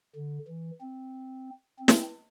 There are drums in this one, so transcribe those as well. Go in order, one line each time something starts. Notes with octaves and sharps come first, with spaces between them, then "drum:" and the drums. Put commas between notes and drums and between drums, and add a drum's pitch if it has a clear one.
D3
E3
C4
C4
drum: snare